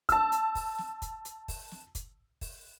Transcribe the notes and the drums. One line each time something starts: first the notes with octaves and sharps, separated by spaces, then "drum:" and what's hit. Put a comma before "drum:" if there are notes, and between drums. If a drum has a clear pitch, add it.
A5 E6, drum: kick, hi-hat
drum: hi-hat
drum: kick, open hi-hat
drum: snare
drum: kick, hi-hat
drum: hi-hat
drum: kick, open hi-hat
drum: snare
drum: kick, hi-hat
drum: kick, open hi-hat